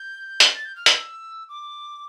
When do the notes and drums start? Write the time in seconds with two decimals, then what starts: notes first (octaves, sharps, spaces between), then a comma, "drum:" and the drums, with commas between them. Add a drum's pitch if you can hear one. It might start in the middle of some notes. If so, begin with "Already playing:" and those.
Already playing: G6
0.40 drum: hi-hat
0.55 A6
0.65 G6
0.76 F6
0.86 E6, drum: hi-hat
1.49 D6